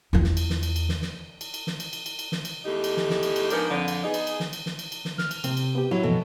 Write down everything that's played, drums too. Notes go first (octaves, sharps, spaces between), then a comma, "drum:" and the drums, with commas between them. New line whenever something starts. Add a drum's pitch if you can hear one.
E2 F4
drum: snare
drum: cymbal
drum: snare
drum: cymbal
drum: cymbal
drum: snare
drum: snare
drum: cymbal
drum: cymbal
drum: snare
drum: cymbal
drum: cymbal
drum: cymbal
drum: cymbal
drum: snare
drum: cymbal
E2 G#3 A3 D#4 G4
drum: cymbal
drum: snare
drum: snare
drum: cymbal
drum: cymbal
G#2 F3 B3 D4 A#4 D5, drum: cymbal
F2 D3 F3
drum: cymbal
B3 D#4 G#4
drum: cymbal
drum: cymbal
drum: snare
drum: cymbal
drum: snare
drum: cymbal
drum: cymbal
drum: snare
F6, drum: snare
drum: cymbal
C3 C4, drum: cymbal
drum: cymbal
B3 G4
F#3 E4
F#2 B2 E3 F3 A4